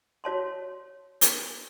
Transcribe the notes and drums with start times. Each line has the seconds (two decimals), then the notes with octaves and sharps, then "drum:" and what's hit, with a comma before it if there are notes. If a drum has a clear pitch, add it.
0.24 F#4 C#5 A5 C6
1.21 drum: hi-hat